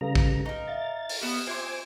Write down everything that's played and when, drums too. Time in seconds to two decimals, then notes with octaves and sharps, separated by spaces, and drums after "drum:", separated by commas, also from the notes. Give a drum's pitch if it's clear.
0.01 C#3 G3 A4 B4 F5 A#5
0.15 drum: kick
0.46 D#4 A#4
0.67 E5 F5 A6
1.09 drum: open hi-hat
1.21 B3 E4 G4 F6 E7
1.47 C4 F4 C5 G#5 C6 D6 E7